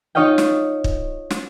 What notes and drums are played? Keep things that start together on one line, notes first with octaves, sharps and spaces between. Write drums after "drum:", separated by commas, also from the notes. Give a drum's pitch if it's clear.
D#4 F4 C#5 D#5 F5 G5
drum: snare
drum: kick
drum: snare